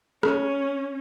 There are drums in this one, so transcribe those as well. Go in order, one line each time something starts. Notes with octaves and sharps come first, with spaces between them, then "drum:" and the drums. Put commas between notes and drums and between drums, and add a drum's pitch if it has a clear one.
C#4, drum: rim click